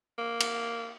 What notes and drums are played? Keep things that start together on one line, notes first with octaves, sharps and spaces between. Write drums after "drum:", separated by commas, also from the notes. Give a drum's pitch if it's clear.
A#3
drum: cymbal